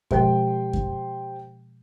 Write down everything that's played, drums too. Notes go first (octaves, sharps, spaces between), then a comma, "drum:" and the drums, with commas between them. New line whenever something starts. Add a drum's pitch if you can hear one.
B2 F3 G#3 G4 C5 G5, drum: kick F#2
drum: kick F#2